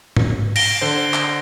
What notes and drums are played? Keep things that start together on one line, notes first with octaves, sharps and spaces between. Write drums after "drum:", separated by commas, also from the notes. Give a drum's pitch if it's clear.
drum: tom G#2
A#6 D7 G7, drum: cymbal
D3 C5
drum: clap